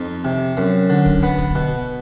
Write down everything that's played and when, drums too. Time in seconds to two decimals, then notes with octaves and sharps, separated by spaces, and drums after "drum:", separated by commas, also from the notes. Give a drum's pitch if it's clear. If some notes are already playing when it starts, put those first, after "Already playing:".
Already playing: F2 D#4
0.25 C3
0.57 F#2
0.90 D3
1.06 drum: kick
1.23 B3
1.39 drum: kick
1.55 B2